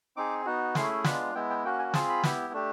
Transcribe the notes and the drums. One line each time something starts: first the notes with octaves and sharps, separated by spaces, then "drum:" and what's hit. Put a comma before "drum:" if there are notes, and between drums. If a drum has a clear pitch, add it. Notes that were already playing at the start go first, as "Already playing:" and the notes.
C4 D#4 G#4 D6
B3 D#4 F#4
A3 C#4 E4 G#4 C6, drum: snare
G#3 B3 D4 F4 B5, drum: snare
G#3 B3 E4 G5
G5
A#3 C#4 F#4 G5
G#5
C4 F4 G#4 A5, drum: snare
B5
B3 E4 G4, drum: snare
A3 D4 G4